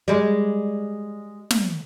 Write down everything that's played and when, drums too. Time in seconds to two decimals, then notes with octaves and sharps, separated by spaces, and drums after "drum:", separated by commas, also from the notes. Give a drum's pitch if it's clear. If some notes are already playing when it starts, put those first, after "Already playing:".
0.08 G3 G#3
1.50 drum: snare